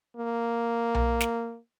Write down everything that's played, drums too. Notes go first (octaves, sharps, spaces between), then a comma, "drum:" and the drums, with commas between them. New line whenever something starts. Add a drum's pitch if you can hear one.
A#3
drum: tom B1
drum: snare